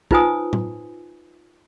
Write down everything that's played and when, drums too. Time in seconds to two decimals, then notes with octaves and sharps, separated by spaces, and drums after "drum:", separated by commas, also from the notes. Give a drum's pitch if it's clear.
0.11 D#4 F4 B4 C5 G#5 D#6, drum: kick
0.53 drum: tom